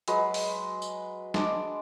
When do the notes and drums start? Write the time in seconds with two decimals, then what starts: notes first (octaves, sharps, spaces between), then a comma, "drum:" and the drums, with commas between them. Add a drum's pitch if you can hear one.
0.08 F#3 G#3 F#4 B4, drum: hi-hat
0.34 drum: open hi-hat
0.82 drum: tambourine
1.34 G#3 D4 D6, drum: snare